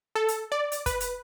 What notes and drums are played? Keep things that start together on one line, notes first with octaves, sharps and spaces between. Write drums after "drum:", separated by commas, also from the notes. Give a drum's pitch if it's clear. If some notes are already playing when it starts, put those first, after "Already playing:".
A4
drum: hi-hat
D5
drum: hi-hat
B4, drum: kick, hi-hat
drum: hi-hat